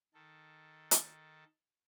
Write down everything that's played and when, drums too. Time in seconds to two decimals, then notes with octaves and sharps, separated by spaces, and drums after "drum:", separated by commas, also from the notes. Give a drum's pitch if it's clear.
0.14 D#3 A4
0.91 drum: hi-hat